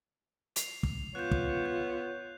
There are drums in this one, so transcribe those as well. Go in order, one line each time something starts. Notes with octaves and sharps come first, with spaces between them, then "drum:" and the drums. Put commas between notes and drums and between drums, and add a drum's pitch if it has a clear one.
C7 F7, drum: hi-hat
drum: kick
B3 F4 C#5 F#6 G6
drum: kick
G6